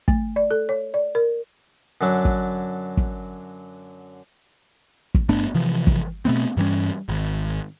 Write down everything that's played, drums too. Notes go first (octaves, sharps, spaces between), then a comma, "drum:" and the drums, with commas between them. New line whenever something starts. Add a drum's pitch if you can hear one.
A3, drum: kick
D5
A4
C#5
D5
A#4
F#2 D3 F#3
drum: kick
drum: kick
drum: kick
G2 A3 B3 D4
C3 E3 F3
drum: kick
B2 A3 B3 C4
G2 E3 G3 C#4
G#1